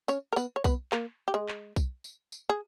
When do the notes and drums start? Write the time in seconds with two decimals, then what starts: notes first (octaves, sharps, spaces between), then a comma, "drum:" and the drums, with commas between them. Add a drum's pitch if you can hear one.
0.08 C#4 C#5, drum: tambourine
0.33 A#4
0.36 B3 B4, drum: tambourine
0.56 C#5
0.64 B3 B4, drum: kick B1, tambourine
0.92 A#3 A#4, drum: clap
1.28 G4
1.34 G#3 G#4
1.48 drum: clap
1.76 drum: kick B1, tambourine
2.04 drum: tambourine
2.32 drum: tambourine
2.49 G#4